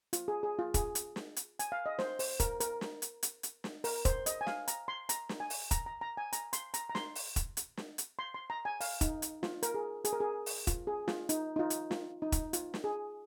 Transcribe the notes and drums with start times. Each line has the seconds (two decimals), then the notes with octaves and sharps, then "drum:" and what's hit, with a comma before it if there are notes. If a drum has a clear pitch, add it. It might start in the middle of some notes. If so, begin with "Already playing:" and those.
0.13 F4, drum: hi-hat
0.28 G#4
0.43 G#4
0.59 F4
0.74 G#4, drum: kick E1, hi-hat
0.95 drum: hi-hat
1.16 drum: snare
1.36 drum: hi-hat
1.59 G#5, drum: hi-hat
1.72 F5
1.86 D#5
1.99 C5, drum: snare
2.19 C5, drum: open hi-hat
2.40 A#4, drum: kick E1, hi-hat
2.60 A#4, drum: hi-hat
2.81 drum: snare
3.02 drum: hi-hat
3.23 drum: hi-hat
3.43 drum: hi-hat
3.64 drum: snare
3.84 A#4, drum: open hi-hat
4.05 C5, drum: kick E1, hi-hat
4.26 D#5, drum: hi-hat
4.41 G#5
4.47 F5, drum: snare
4.68 A#5, drum: hi-hat
4.88 C6
5.09 A#5, drum: hi-hat
5.29 drum: snare
5.40 G#5
5.50 drum: open hi-hat
5.71 A#5, drum: kick E1, hi-hat
5.86 A#5
6.01 A#5
6.17 G#5
6.33 A#5, drum: hi-hat
6.53 C6, drum: hi-hat
6.74 A#5, drum: hi-hat
6.90 A#5
6.95 C6, drum: snare
7.15 drum: open hi-hat
7.36 drum: kick E1, hi-hat
7.57 drum: hi-hat
7.77 drum: snare
7.98 drum: hi-hat
8.19 C6
8.34 C6
8.50 A#5
8.65 G#5
8.81 F5, drum: open hi-hat
9.01 D#4, drum: kick E1, hi-hat
9.22 drum: hi-hat
9.43 F4, drum: snare
9.63 A#4, drum: hi-hat
9.74 G#4
10.05 G#4, drum: hi-hat
10.13 A#4
10.20 G#4
10.46 drum: open hi-hat
10.67 F4, drum: kick E1, hi-hat
10.87 G#4
11.08 F4, drum: snare
11.29 D#4, drum: hi-hat
11.56 D#4
11.59 F4
11.70 drum: hi-hat
11.91 F4, drum: snare
12.22 D#4
12.32 drum: kick E1, hi-hat
12.53 F4, drum: hi-hat
12.74 drum: snare
12.84 G#4